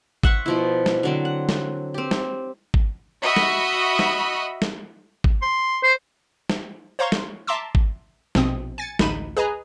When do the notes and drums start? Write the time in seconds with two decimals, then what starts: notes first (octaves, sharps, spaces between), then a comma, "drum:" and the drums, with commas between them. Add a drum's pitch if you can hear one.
0.23 E5 F#5 C6 C#6, drum: kick G#1
0.46 B2 F3 E4
0.86 drum: snare
1.03 D3 F#3 C4
1.25 F#5
1.49 drum: snare
1.94 C4 G4
2.11 drum: snare
2.74 drum: kick G#1
3.22 F#4 D#5 E5 B5
3.36 drum: snare
3.99 drum: snare
4.62 drum: snare
5.24 drum: kick G#1
5.42 C6
5.83 C5
6.50 drum: snare
6.99 C5 C#5 F5 A#5 C6 C#6
7.12 drum: snare
7.47 E5 A5 A#5 C6 D6 E6
7.75 drum: kick G#1
8.35 A#1 B2 C4 D#6, drum: snare
8.78 G#5 A6 C#7
8.99 A1 D2 D#4 B5 D#7 E7, drum: snare
9.37 G#4 B4 D#5 G#5 A#5